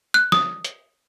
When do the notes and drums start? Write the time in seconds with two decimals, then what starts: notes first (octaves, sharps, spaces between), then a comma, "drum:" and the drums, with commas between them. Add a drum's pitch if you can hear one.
0.14 F#6
0.32 D#6, drum: snare
0.65 drum: hi-hat